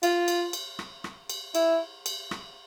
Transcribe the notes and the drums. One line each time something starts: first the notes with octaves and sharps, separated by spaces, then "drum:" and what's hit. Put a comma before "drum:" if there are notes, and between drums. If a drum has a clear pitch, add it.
F4, drum: cymbal
drum: cymbal
drum: cymbal
drum: rim click
drum: rim click
drum: cymbal
E4, drum: cymbal
drum: cymbal
drum: rim click